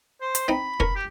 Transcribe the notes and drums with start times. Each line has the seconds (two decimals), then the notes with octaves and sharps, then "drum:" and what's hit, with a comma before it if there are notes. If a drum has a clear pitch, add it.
0.21 C5
0.35 drum: hi-hat
0.48 C4 D#4 B5
0.80 C#4 A#4, drum: kick
0.96 G4